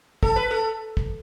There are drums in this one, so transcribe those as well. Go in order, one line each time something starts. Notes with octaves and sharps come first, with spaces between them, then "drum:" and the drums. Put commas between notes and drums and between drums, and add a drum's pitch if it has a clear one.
A4, drum: kick
B4
A4
drum: kick